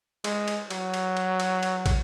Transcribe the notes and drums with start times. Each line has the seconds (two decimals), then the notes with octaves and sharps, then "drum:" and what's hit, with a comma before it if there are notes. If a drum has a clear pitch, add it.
0.24 G#3, drum: cymbal
0.48 drum: cymbal
0.70 F#3, drum: cymbal
0.94 drum: cymbal
1.17 drum: cymbal
1.40 drum: cymbal
1.63 drum: cymbal
1.86 drum: kick, cymbal